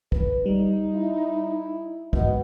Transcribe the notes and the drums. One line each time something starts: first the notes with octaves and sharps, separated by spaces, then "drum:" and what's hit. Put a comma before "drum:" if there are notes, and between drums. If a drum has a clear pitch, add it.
B4, drum: kick
G3 D#4
E4
G#2 B2 D#5, drum: kick